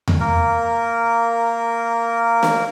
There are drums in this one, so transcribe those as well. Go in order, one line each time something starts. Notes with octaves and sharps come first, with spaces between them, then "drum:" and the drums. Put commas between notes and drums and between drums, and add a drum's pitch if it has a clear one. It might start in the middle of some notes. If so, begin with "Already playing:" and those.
drum: tom E2
A#3 A#4
drum: snare